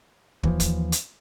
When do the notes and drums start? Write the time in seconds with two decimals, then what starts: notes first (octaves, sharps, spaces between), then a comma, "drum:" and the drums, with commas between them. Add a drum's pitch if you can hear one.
0.43 D#2 E3 F3, drum: kick
0.60 drum: kick, hi-hat
0.92 drum: hi-hat